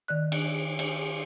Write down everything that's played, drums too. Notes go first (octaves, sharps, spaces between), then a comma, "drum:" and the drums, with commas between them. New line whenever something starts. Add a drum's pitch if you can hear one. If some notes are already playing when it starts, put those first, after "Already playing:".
D#3 D5 F#6
drum: cymbal
drum: cymbal